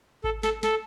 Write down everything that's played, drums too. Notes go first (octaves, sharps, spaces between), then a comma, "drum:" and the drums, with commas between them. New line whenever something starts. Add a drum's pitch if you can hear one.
A4, drum: kick G#1
A4, drum: snare
A4, drum: snare